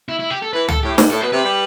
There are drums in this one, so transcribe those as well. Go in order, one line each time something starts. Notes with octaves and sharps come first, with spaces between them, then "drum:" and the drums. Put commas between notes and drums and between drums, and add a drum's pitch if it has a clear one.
E4
E4
G4
A4
E3 B4
A4, drum: tom
A2 G4
G2, drum: snare
A2 A4
B2 B4
C3 B4
G3